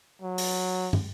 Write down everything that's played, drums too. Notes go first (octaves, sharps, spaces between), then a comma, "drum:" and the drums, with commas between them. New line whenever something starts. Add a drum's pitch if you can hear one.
F#3
drum: open hi-hat
drum: tom